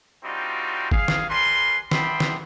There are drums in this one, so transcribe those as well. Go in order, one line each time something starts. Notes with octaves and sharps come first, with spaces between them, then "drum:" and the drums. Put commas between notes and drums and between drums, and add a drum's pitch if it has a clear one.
G3 C4 D4 D#4 F4 F#4
G#4 F5, drum: kick
drum: snare
G3 A#4 B4 G#5 C6
B3 D4 E5 G5 B5 C6, drum: snare
drum: snare